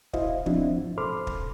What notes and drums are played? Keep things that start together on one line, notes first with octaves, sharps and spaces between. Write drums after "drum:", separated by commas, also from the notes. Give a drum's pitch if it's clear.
E4 F#4 C5 D#5 F5, drum: kick
F3 C4 D4 E4 F#4, drum: kick
A4 C5 B5 C6 D6 F6
drum: kick